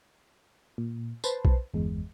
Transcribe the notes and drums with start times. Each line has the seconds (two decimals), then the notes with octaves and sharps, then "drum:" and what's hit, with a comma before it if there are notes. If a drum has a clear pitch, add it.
0.78 A#2
1.24 B4 C5 A5 C6, drum: tambourine
1.45 drum: kick B1
1.74 G1 E2 G#3